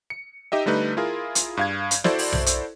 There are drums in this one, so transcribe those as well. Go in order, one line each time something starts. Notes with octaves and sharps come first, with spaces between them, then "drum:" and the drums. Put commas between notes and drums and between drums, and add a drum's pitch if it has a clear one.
C#7
D#4 G4 D#5 E5
D3 G3 A3 D#4 B4
E4 F4 G#4 A#4
drum: hi-hat
G2 F5 G#6
drum: hi-hat
E4 F#4 A4 C5 D5, drum: snare
drum: open hi-hat
drum: tom B1
drum: hi-hat